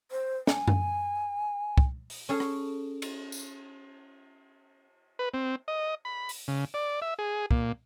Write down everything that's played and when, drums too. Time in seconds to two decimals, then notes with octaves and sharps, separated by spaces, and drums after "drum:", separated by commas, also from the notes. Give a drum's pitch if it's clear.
0.11 C5
0.47 G#5, drum: snare
0.68 drum: tom F#2
1.78 drum: kick
2.10 drum: open hi-hat
2.29 C#4 G#4 A4
2.40 drum: rim click
3.02 drum: cymbal
3.32 drum: tambourine
5.19 B4
5.34 C4
5.68 D#5
6.05 B5
6.29 drum: open hi-hat
6.48 C#3
6.74 D5
7.02 E5
7.19 G#4
7.51 A#2, drum: kick